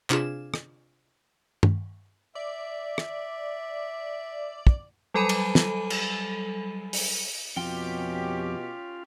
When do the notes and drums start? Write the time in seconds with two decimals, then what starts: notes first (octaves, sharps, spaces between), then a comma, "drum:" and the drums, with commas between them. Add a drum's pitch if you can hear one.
0.10 C3 D4 F4 G#4 E7, drum: clap
0.54 drum: rim click
1.63 drum: tom
2.35 D5 E5
2.98 drum: rim click
4.67 drum: kick
5.14 F#3 G3 A4 G#5 B5 D#7
5.29 drum: cymbal
5.55 drum: snare
5.90 drum: cymbal
6.93 drum: open hi-hat
7.57 F2 B2 C#4 F4 G4 G5